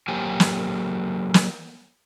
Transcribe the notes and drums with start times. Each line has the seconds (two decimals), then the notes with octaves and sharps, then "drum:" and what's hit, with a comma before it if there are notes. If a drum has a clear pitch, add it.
0.08 F#3 A#3 G4 C5 G#5
0.40 drum: snare
1.34 drum: snare